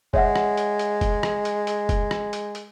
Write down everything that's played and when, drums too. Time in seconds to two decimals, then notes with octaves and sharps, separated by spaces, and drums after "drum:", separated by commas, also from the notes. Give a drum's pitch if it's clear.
0.14 G#3 C#5 E5 F#5, drum: kick
0.36 drum: rim click
0.57 drum: hi-hat
0.79 drum: hi-hat
1.01 drum: kick, hi-hat
1.23 drum: rim click
1.45 drum: hi-hat
1.67 drum: hi-hat
1.89 drum: kick, hi-hat
2.11 drum: rim click
2.33 drum: hi-hat
2.55 drum: hi-hat